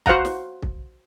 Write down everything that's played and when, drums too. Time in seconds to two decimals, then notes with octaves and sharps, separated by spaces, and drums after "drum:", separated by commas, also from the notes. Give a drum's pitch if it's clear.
0.06 F#4 C5 F5 F#5 A#5, drum: kick
0.25 drum: snare
0.62 drum: kick